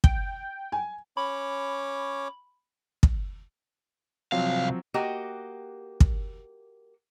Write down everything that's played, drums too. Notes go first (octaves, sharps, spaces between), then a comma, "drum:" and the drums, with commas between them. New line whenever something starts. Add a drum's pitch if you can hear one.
G5, drum: kick
G#5
C#4 C#5 B5 D6
drum: kick
C2 F3 F#3 C4 F5
A#3 F#4 G4 D#5
drum: kick